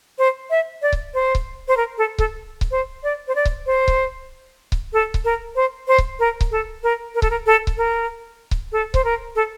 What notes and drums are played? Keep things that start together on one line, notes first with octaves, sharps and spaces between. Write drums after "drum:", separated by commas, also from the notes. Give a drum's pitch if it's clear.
C5
E5
D5
drum: kick C#1
C5
drum: kick C#1
C5
A#4
A4
A4, drum: kick C#1
drum: kick C#1
C5
D5
C5
D5
drum: kick C#1
C5
drum: kick C#1
drum: kick C#1
A4
drum: kick C#1
A#4
C5
C5
drum: kick C#1
A#4
drum: kick C#1
A4
A#4
A#4
A4, drum: kick C#1
A#4
A4
drum: kick C#1
A#4
drum: kick C#1
A4
C5, drum: kick C#1
A#4
A4